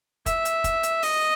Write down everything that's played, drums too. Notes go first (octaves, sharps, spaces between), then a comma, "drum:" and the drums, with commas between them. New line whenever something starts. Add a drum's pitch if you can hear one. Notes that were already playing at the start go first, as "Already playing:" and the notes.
E5, drum: kick, hi-hat
drum: hi-hat
drum: kick, hi-hat
drum: hi-hat
D#5, drum: open hi-hat